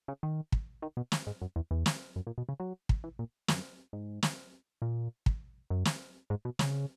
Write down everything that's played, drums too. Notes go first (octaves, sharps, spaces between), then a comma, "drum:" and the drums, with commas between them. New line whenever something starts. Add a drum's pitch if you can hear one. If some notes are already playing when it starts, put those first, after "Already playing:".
C#3
D#3
drum: kick
D#3
B2
drum: snare
G#2
F#2
E2
E2
drum: snare
F#2
A#2
B2
C#3
F#3
drum: kick
E3
A#2
F#2, drum: snare
G#2
drum: snare
A#2
drum: kick
F#2
drum: snare
G#2
B2
C#3, drum: snare